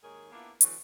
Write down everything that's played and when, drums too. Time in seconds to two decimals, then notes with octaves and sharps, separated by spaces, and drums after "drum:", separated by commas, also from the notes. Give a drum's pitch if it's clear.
0.03 D#2 G#2 D#3 G#4 A#4 C#5
0.31 A#3 B3 D4 E4 F4
0.61 D2 E3 F#3 A3 C#5 D5, drum: hi-hat